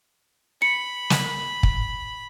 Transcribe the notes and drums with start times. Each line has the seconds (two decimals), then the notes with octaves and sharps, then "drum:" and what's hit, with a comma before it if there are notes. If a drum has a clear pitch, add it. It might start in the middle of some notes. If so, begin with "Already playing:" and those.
0.62 B5 C#7
1.10 drum: snare
1.63 drum: kick